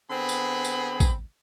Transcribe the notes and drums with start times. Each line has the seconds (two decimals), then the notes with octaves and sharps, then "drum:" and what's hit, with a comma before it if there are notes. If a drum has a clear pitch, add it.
0.11 D3 B3 C4 G#4 B5
0.29 drum: tambourine
0.65 drum: tambourine
1.00 drum: kick, tambourine